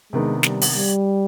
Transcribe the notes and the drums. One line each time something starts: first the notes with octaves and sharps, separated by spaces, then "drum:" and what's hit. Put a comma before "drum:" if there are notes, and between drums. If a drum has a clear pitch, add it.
C3 D#3 G#3 B3 D4
G3, drum: snare
drum: open hi-hat
G3